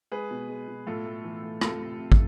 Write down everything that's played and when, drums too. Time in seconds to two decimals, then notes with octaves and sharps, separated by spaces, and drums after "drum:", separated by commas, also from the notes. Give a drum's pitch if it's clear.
0.12 G#3 G#4 B4
0.31 B2
0.49 G#3
0.68 B2
0.87 A2 F4 A4
1.06 A3
1.24 E3
1.43 A2
1.61 C3 F4 A4, drum: rim click
1.80 C3
1.99 C3
2.12 drum: kick